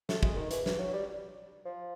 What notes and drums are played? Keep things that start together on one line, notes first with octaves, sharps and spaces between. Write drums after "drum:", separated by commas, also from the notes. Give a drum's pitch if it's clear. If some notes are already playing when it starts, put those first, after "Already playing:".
A3, drum: snare
G#3, drum: kick
D#3
E3, drum: hi-hat
E3, drum: snare
F#3
G3
F3